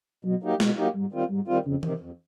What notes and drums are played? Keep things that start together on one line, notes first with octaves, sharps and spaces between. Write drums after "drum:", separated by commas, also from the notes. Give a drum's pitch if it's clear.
B2 F#3
F#3 A#3 D#4 G4
B2 G#3, drum: snare
F#3 A#3 D#4 G4
G#2 G3
D#3 G3 C4 F4
G#2 G3
D#3 G3 C4 F4
F2 C#3
C3 D#3, drum: tom E3
F2